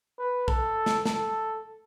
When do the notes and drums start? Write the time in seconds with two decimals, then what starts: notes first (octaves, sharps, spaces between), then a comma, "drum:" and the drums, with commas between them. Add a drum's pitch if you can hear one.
0.19 B4
0.48 A4, drum: kick
0.86 drum: snare
1.05 A4, drum: snare